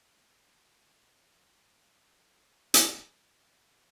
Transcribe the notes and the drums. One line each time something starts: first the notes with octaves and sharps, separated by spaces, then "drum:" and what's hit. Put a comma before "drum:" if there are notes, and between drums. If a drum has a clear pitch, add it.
G#3
C#3
C#3
E3
F#3
G#3
A3
drum: hi-hat